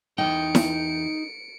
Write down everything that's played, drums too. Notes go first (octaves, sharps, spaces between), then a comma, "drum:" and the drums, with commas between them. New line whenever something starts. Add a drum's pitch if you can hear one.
E2 E3 D#4 G5 C#7 D7
drum: snare E4